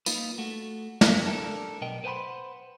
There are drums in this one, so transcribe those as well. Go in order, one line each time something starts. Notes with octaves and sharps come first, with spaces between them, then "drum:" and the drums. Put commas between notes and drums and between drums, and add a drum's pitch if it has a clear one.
A#3 D#4 F4 B4, drum: tambourine
A3 F#4
A#3 C#4, drum: snare
D4 G4 A4 A#4
B1 B3 A#4 D#5 G5
B4 C5 F#5 G#5 B5 C6